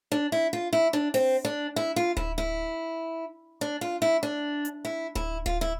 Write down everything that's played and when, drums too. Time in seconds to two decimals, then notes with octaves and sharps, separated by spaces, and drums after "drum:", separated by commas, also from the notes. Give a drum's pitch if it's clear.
0.12 D4
0.32 E4
0.53 F4
0.73 E4
0.93 D4
1.14 C4, drum: open hi-hat
1.45 D4
1.76 E4
1.96 F4
2.17 E4, drum: kick D1
2.38 E4
3.61 D4
3.81 F4
4.02 E4
4.23 D4
4.65 drum: hi-hat
4.85 E4
5.15 E4, drum: kick D1
5.46 F4, drum: kick D1
5.61 E4